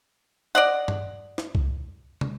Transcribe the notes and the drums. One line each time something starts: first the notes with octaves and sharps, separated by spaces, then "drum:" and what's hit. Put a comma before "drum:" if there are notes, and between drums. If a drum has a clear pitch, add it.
D5 D#5 F#5
drum: tom G2
drum: snare
drum: kick C2
drum: tom